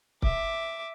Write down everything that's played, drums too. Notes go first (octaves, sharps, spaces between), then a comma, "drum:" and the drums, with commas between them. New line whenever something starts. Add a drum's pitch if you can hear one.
E5 D6, drum: kick C#1